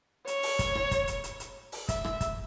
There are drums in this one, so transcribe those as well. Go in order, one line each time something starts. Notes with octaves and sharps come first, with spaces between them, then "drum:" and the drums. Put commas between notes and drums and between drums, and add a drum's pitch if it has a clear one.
C#5, drum: hi-hat
drum: open hi-hat
drum: kick, hi-hat
drum: rim click
drum: kick, hi-hat
drum: hi-hat
drum: hi-hat
drum: hi-hat
drum: open hi-hat
E5, drum: kick, hi-hat
drum: rim click
drum: kick, hi-hat